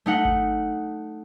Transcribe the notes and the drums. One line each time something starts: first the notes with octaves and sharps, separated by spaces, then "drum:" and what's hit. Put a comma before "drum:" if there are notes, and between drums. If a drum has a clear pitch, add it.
A3 D#4 F#5
drum: kick G#1